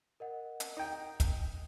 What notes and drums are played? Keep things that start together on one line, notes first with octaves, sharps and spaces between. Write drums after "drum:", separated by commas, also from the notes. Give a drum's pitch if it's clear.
A#4 D#5 F#5
drum: hi-hat
D#4 G5
drum: kick, hi-hat